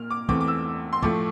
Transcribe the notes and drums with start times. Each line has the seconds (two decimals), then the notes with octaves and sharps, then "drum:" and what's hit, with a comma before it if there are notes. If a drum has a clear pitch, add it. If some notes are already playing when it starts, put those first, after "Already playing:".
Already playing: A#2 A#3 F6
0.10 D6
0.29 E2 E3 A3 C4 D6, drum: kick
0.40 D6
0.48 E6
0.93 C6
1.02 A2 F3 A3 D6, drum: kick